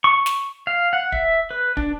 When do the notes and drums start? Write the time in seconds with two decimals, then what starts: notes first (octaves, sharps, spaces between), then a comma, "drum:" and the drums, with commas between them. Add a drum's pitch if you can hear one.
0.04 C#6
0.26 drum: snare
0.67 F5
0.93 F#5
1.12 E5, drum: kick
1.51 B4
1.77 D4, drum: kick